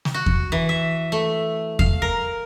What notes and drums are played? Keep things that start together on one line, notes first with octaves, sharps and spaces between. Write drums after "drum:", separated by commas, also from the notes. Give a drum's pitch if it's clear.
drum: snare
F#4
drum: kick E2
E3
E5
A3
F5, drum: kick E2
A#4